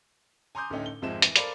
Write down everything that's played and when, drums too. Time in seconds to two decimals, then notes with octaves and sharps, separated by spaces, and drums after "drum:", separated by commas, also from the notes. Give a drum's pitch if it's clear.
0.55 G#5 A#5 C6 D6 D#6 G6
0.70 D1 D3 A3 C#4 D#4 G5
0.86 G7
1.02 G#1 F2 F3 G#3 E5 E7
1.22 E3, drum: hi-hat
1.36 A4 A#4 C5 D5 F5 B5, drum: hi-hat